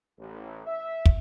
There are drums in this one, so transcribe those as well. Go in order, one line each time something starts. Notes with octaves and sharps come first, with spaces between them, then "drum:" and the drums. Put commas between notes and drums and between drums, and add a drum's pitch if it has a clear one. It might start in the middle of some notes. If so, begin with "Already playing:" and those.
A1
E5
drum: kick